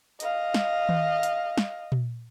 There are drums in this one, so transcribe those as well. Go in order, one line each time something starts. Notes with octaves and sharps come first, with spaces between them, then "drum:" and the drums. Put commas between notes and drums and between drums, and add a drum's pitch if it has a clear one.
D#5 F5, drum: hi-hat
drum: snare
drum: tom D#3
drum: hi-hat
drum: snare
drum: tom A#2